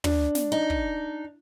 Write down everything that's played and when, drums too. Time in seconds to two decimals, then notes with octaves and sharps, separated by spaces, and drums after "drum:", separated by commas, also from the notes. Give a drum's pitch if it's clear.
0.04 D4, drum: tom
0.35 drum: snare
0.52 D#4
0.70 drum: kick